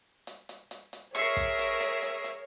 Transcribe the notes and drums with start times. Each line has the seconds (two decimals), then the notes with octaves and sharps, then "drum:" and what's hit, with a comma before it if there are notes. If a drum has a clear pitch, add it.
0.27 drum: hi-hat
0.49 drum: hi-hat
0.71 drum: hi-hat
0.93 drum: hi-hat
1.15 G#4 A#4 C#5 E5 C#6 C7, drum: hi-hat
1.37 drum: kick, hi-hat
1.59 drum: hi-hat
1.80 drum: hi-hat
2.02 drum: hi-hat
2.24 drum: hi-hat